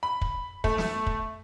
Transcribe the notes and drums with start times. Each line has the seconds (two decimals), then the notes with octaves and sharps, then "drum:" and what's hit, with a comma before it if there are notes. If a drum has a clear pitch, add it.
0.03 B5
0.21 drum: kick
0.64 A3, drum: kick
0.78 drum: snare
1.06 drum: kick